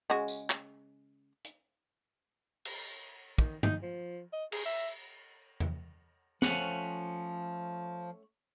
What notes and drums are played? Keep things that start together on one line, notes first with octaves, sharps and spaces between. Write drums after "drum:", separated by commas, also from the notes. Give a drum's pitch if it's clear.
C#3 G#3 F#4
drum: tambourine
drum: clap
drum: hi-hat
drum: cymbal
D#3, drum: kick
D#4, drum: tom G2
F3
D#5
G#4, drum: cymbal
E5
drum: tom E2
F3 A3 C#4 F#5, drum: snare